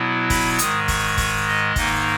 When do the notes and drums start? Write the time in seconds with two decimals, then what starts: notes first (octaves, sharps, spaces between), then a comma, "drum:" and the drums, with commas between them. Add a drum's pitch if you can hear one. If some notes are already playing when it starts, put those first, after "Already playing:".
Already playing: B2 F#3 B3 E4
0.30 B5, drum: kick, open hi-hat
0.59 G#2 D#3 G#3 D#6, drum: hi-hat
0.88 C#6, drum: kick, open hi-hat
1.18 drum: kick, open hi-hat
1.47 D#5
1.76 G#2 D#3 A#3 D#4, drum: kick, open hi-hat